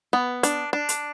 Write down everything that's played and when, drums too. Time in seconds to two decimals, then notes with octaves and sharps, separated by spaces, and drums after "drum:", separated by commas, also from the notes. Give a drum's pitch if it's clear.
0.13 B3
0.43 D4, drum: hi-hat
0.73 D4
0.89 drum: hi-hat